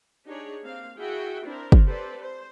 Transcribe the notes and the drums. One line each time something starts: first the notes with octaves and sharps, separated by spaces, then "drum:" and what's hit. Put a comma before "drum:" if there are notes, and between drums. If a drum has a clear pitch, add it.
D4 D#4 G4 G#4 C#5
A#3 C4 F5
E4 F#4 G#4 E5 G5
C4 D4 E4 A#4 C5
drum: kick
C4 G4 A4 B4 C5 D5
C5